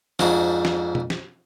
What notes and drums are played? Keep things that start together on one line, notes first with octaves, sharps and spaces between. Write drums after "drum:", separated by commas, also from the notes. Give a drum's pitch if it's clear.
F2 G#2 D4 F#4, drum: snare
drum: snare
drum: tom
drum: snare